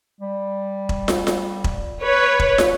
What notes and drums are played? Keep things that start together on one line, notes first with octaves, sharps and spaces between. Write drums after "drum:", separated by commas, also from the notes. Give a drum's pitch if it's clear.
G3
drum: kick E1
drum: snare
drum: snare
drum: kick E1
B4 C#5
drum: kick E1
drum: snare